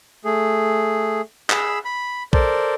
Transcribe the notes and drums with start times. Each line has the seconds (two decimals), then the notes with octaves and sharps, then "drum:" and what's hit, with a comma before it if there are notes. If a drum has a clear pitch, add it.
0.25 A3 G#4
1.50 G#4 B5 E6, drum: clap
1.85 B5
2.33 A4 A#4 C5 D5, drum: kick A#1